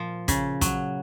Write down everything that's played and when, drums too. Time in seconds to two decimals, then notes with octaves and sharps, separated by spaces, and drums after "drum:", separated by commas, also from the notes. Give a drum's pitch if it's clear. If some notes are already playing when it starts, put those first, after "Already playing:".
Already playing: A#2 F3
0.28 C#3, drum: kick, hi-hat
0.61 F#3, drum: kick, hi-hat